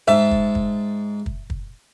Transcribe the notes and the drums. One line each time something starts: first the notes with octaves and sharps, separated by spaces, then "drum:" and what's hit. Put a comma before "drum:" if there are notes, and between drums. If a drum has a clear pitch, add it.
G#2 E5 A5
drum: kick
drum: kick
drum: kick
drum: kick